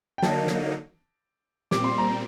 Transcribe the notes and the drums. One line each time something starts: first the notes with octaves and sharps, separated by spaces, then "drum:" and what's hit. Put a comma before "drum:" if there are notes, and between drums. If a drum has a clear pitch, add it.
G5
D3 F#3 A#3 D#4 A5, drum: snare
drum: snare
A#2 G3 C4 D6, drum: snare
C6
A#5